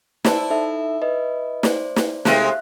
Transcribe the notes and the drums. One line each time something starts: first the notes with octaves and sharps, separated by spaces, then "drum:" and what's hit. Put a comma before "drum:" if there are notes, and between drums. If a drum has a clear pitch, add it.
E4 C5 D5 A5, drum: snare
D#4 A4 E5
B4 D#5
C5 D5, drum: snare
drum: snare
C3 G#3 A3 E5 F5 F#6, drum: snare